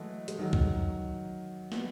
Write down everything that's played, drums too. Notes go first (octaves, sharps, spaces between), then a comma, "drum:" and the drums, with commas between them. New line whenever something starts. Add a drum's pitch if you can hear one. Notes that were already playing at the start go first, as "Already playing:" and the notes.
Already playing: E3 F#3 G#3 A3
G#3, drum: hi-hat
D#3 F#3
drum: kick
B3, drum: snare